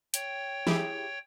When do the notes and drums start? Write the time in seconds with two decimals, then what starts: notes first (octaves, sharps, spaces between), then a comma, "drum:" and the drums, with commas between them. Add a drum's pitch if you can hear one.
0.14 C#5 G5, drum: hi-hat
0.67 E4 G4 G#4, drum: snare